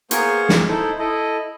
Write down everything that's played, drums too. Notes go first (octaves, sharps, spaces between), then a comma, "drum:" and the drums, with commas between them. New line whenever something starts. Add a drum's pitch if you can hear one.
A#3 B3 G#4 A#4 C5 C#6, drum: hi-hat
drum: snare
D#4 E4 A4 C5
E4 A4 D#5